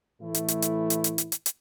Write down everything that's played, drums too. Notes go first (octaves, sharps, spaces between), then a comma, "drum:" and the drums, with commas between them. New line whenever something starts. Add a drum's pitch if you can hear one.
A2 E3 A3 E4
drum: hi-hat
drum: hi-hat
drum: hi-hat
drum: hi-hat
drum: hi-hat
drum: hi-hat
drum: hi-hat
drum: hi-hat